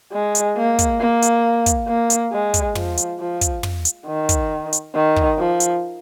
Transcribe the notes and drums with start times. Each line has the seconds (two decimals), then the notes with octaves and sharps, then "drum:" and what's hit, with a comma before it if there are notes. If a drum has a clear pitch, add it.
0.13 G#3
0.35 drum: hi-hat
0.57 A#3
0.79 drum: kick, hi-hat
1.00 A#3
1.22 drum: hi-hat
1.66 drum: kick, hi-hat
1.88 A#3
2.10 drum: hi-hat
2.32 G#3
2.54 drum: kick, hi-hat
2.75 F3, drum: tom
2.97 drum: hi-hat
3.19 F3
3.41 drum: kick, hi-hat
3.63 drum: tom
3.85 drum: hi-hat
4.06 D#3
4.29 drum: kick, hi-hat
4.73 drum: hi-hat
4.94 D#3
5.16 drum: kick
5.39 F3
5.60 drum: hi-hat